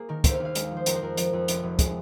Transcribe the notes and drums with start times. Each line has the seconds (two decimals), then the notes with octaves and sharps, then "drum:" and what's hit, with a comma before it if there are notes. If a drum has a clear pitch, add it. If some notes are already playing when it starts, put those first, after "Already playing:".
Already playing: A#3 G#4
0.09 D#3 A#4
0.24 D#2 C5, drum: kick, hi-hat
0.34 F5
0.40 D#2
0.45 F5
0.55 G#3, drum: hi-hat
0.71 F3
0.77 C5
0.86 F2 A#4, drum: hi-hat
0.95 C5
1.02 F2 A#4
1.17 F3, drum: hi-hat
1.33 F2
1.48 F1, drum: hi-hat
1.63 F1
1.79 G#3 G#4, drum: kick, hi-hat